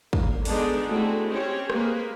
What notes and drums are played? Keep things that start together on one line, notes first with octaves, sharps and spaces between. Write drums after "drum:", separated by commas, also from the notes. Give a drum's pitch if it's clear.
A#3, drum: kick
D3 G#3 B3 D4 D#4, drum: open hi-hat
G#3 A3 C4 E4 F#4
C4 C#4 G4 C#5
G#3 A#3 A#4 B4, drum: rim click